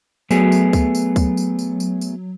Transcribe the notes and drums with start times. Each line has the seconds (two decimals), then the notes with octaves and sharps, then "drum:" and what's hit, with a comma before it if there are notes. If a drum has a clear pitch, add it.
0.31 F#3 A3 B3 G#4, drum: tambourine
0.52 drum: tambourine
0.73 drum: kick C#2, tambourine
0.95 drum: tambourine
1.16 drum: kick C#2, tambourine
1.37 drum: tambourine
1.59 drum: tambourine
1.80 drum: tambourine
2.01 drum: tambourine